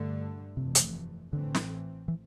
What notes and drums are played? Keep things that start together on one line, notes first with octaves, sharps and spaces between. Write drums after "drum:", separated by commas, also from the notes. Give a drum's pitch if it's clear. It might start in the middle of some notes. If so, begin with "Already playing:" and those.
Already playing: G2 D3 A3
F1 F2 C3 E3 A3
drum: hi-hat
A1 A2 D3 E3 A3 C4
drum: snare
E3